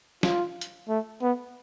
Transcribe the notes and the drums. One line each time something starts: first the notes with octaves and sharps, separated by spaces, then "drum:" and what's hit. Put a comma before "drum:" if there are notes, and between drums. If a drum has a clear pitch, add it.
F4, drum: snare
drum: hi-hat
A3
B3